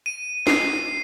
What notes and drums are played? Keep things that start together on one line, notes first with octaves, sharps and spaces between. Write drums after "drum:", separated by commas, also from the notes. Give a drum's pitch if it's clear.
D#7
C7, drum: snare